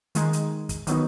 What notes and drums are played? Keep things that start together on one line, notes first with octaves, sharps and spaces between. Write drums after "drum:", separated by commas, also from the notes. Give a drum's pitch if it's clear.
D#3 G#3 D#4, drum: hi-hat
drum: hi-hat
drum: kick, hi-hat
D#3 F#3 B3 D#4, drum: hi-hat